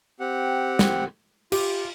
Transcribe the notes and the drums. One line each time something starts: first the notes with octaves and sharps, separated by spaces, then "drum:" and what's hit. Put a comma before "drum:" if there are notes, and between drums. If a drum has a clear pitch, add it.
C4 G4 F#5
drum: snare
F4 G4, drum: cymbal